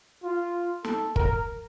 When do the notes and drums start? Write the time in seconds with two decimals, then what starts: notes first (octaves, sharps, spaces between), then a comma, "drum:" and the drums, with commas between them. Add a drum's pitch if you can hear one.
0.24 F4
0.85 A4, drum: snare
1.16 A#4, drum: kick